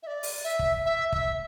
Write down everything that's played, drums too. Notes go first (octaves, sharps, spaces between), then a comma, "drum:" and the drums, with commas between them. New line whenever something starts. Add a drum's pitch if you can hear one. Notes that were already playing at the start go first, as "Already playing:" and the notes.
E5
D5
drum: open hi-hat
E5
drum: kick
E5
E5, drum: kick